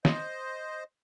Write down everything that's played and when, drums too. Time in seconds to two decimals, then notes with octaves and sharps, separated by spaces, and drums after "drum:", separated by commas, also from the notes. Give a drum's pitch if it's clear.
0.05 C5 D#5, drum: snare